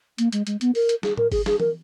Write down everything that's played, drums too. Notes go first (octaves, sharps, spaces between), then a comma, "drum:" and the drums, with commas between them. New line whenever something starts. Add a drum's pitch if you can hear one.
A#3, drum: hi-hat
G#3, drum: hi-hat
G#3, drum: hi-hat
B3, drum: hi-hat
A#4, drum: open hi-hat
drum: hi-hat
G#4, drum: snare
A#4, drum: tom A2
G#4, drum: kick G1, open hi-hat
G#4, drum: snare
A#4, drum: tom E3